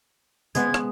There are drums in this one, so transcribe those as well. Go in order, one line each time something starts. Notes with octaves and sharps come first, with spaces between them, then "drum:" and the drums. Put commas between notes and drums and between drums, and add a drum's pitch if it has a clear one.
G#3 B3 G#6, drum: tambourine
drum: rim click